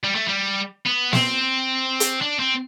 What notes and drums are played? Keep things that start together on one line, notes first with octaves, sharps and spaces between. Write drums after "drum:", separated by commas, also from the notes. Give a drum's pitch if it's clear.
G3
A3
G3
B3
C4, drum: snare
drum: hi-hat
D4
C4